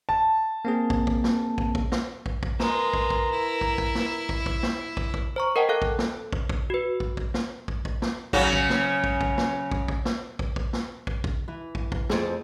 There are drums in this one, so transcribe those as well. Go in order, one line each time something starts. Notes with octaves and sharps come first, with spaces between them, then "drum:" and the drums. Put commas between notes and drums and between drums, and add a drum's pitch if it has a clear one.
A5
A#3 C4 G#4
drum: kick
drum: kick
drum: snare
drum: kick
drum: kick
drum: snare
drum: kick
drum: kick
G#3 F4 A#4 B4 A#5, drum: snare
drum: kick
drum: kick
E4
drum: kick
drum: kick
drum: snare
drum: kick
drum: kick
drum: snare
drum: kick
drum: kick
C5 A#5 C#6
A#4 D#5 F#5 G5 A5
A4 F5 F#6
drum: kick
drum: snare
drum: kick
drum: kick
F#4 B4
drum: kick
drum: kick
drum: snare
drum: kick
drum: kick
drum: snare
C#3 F#3 C#4, drum: kick
drum: kick
drum: snare
drum: kick
drum: kick
drum: snare
drum: kick
drum: kick
drum: snare
drum: kick
drum: kick
drum: snare
drum: kick
drum: kick
E3
drum: kick
drum: kick
F2 A3 G#4, drum: snare